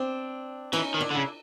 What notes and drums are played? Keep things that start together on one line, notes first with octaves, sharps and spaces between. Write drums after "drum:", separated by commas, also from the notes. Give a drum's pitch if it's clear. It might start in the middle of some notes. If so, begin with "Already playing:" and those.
Already playing: C4 D4
E3 C#4 D#4, drum: cymbal
D#3
D4 E4
D3
C#3